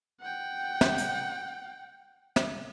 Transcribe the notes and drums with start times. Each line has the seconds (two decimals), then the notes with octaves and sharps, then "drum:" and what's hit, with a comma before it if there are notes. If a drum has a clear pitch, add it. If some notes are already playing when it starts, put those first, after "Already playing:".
0.21 F#5 G5
0.81 drum: snare
0.98 drum: hi-hat
2.36 drum: snare